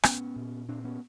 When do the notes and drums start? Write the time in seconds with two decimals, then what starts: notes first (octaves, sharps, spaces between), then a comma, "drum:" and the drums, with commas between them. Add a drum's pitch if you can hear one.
0.03 A#2 B3 C#4, drum: rim click
0.36 A#2
0.68 A#2 C4 D4
0.84 B3 C#4